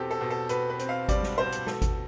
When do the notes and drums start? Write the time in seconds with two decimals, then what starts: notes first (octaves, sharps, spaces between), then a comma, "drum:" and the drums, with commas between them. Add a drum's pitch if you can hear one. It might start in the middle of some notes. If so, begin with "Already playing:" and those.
Already playing: E2 B2 C4 G4 A4
0.11 A4
0.21 B2
0.30 A4
0.49 B2 B4, drum: hi-hat
0.70 B4
0.79 C4, drum: hi-hat
0.89 F5
1.09 G3 D5, drum: kick G#1, hi-hat
1.23 drum: snare
1.38 B2 C5
1.52 drum: hi-hat
1.67 B2 A4, drum: snare
1.82 drum: kick G#1, hi-hat